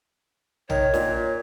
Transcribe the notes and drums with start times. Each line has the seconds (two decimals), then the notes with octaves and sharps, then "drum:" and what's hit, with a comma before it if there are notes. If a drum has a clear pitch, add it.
0.70 D#3 C#5, drum: tom A#1
0.94 A#2, drum: snare